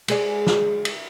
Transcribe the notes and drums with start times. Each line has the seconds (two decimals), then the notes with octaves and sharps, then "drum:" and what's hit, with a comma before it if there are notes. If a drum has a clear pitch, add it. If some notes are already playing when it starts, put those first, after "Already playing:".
0.08 G#3 G#4 D5, drum: cymbal
0.47 drum: snare
0.85 drum: cymbal